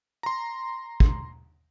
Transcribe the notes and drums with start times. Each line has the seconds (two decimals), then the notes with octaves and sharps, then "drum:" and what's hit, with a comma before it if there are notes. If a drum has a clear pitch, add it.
0.23 A#5 C6
1.00 drum: kick